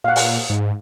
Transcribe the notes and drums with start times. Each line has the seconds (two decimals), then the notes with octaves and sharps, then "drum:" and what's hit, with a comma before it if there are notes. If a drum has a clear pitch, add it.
0.04 A#2 F5 F#5
0.16 drum: open hi-hat
0.50 G#2